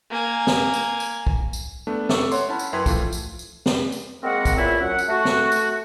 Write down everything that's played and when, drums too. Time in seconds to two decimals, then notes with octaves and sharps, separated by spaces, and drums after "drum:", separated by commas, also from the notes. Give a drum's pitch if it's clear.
0.10 A#3 G#5
0.47 drum: snare
0.73 drum: tambourine
1.00 drum: tambourine
1.27 drum: kick
1.53 drum: tambourine
1.87 A3 B3 D4
2.09 A4 E5 C#6 D6, drum: snare
2.32 C#5 F#5 C6, drum: tambourine
2.49 C#4 E4 F#5 A5 B5
2.59 drum: tambourine
2.73 F#2 E4 B4 G5 C6 G#6
2.86 E3 F3 A3 F4, drum: kick, tambourine
3.13 drum: tambourine
3.39 drum: tambourine
3.66 drum: snare
3.92 drum: tambourine
4.23 G#3 A#3 C4 F#4 A#4 F#5
4.45 drum: kick, tambourine
4.57 E2 A#2 C#4 E4 E5
4.81 F#2 F#5
4.99 drum: tambourine
5.09 A3 F#4
5.25 drum: snare
5.52 drum: tambourine